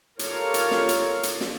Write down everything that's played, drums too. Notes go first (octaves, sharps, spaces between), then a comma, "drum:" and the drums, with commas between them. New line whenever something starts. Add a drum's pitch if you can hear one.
F4 G4 A4 A#4 C#5 F5, drum: hi-hat
drum: hi-hat
drum: snare
drum: hi-hat
drum: hi-hat
drum: snare